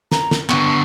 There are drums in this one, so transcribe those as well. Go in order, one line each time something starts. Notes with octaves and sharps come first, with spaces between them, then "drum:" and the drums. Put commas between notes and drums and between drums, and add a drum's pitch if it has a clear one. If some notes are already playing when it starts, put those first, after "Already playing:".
A#5, drum: snare
drum: snare
D3 B3 C#6, drum: clap